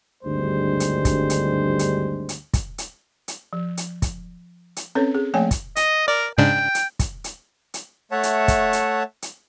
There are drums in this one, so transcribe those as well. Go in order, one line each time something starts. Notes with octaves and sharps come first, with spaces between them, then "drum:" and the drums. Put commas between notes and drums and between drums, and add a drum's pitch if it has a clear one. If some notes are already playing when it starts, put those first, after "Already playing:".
G#1 D2 G2 G3 G#3 C5
drum: hi-hat
drum: kick, hi-hat
drum: hi-hat
drum: hi-hat
drum: hi-hat
drum: kick, hi-hat
drum: hi-hat
drum: hi-hat
F3
drum: hi-hat
drum: kick, hi-hat
drum: hi-hat
C4 C#4 A4 B4 C#5
G#4
F3 A3 A#3 C#5 G5 G#5
drum: kick, hi-hat
D#5, drum: hi-hat
A#4 D5
G#2 C#3 D4 G5
drum: hi-hat
drum: kick, hi-hat
drum: hi-hat
drum: hi-hat
A3 C#5 E5 F#5 A5
drum: hi-hat
drum: kick, hi-hat
drum: hi-hat
drum: hi-hat